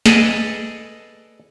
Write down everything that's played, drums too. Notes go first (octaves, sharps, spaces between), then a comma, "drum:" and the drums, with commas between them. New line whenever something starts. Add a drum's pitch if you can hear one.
G#4 A4 B4 D5 D#5, drum: snare